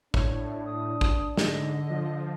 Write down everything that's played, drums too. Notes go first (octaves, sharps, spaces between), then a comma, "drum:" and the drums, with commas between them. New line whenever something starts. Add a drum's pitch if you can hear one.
A2 D4 C#5, drum: kick A1
D#6
drum: kick A1
G#2 D3 D#5, drum: snare
F3